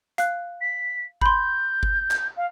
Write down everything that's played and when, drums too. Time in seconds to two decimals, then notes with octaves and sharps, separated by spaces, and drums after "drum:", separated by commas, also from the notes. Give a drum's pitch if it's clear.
0.18 F5 F#6, drum: hi-hat
0.61 B6
1.21 B5 C6 G6, drum: kick G1
1.83 drum: kick G1
2.11 drum: clap
2.37 F5